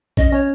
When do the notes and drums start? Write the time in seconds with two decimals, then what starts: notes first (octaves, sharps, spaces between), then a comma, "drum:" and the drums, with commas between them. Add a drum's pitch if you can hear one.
0.17 C#4 D#5, drum: kick A#1
0.33 C#4 C#5